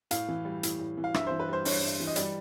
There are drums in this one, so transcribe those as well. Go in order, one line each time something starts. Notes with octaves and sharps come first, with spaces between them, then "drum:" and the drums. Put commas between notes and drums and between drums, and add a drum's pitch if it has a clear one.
A2 F5, drum: hi-hat
E3
G3
A2, drum: hi-hat
A2
E3
F5
G2 E5, drum: rim click
E3 C5
B4
G3 C5
G2 C#5, drum: open hi-hat
G2
E3
D#5
G3 D5, drum: hi-hat